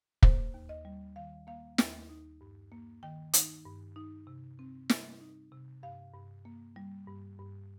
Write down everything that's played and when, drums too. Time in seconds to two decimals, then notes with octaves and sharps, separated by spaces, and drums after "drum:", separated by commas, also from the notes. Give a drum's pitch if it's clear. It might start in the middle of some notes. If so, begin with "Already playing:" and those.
0.23 A#3 C5, drum: kick
0.54 D#2
0.69 D#5
0.85 G3
1.16 D#3 F5
1.47 A#3 F5
1.78 D#2 G5, drum: snare
2.09 D#4
2.41 G2
2.72 A#3
3.03 D#3 G5
3.33 D#4, drum: hi-hat
3.65 G2
3.96 D#4
4.27 C3
4.59 C4
4.90 G3, drum: snare
5.21 D#4
5.52 C3
5.83 G2 F5
6.14 G2
6.45 A#3
6.76 G3
7.07 G2
7.39 G2